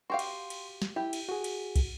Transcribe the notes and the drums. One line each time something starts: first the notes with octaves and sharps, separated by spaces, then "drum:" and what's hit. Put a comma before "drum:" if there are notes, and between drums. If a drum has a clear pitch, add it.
F#4 G4 F5 C6
drum: cymbal
drum: cymbal
drum: snare
E4 G4
drum: cymbal
F#4 G#4
drum: cymbal
drum: kick, cymbal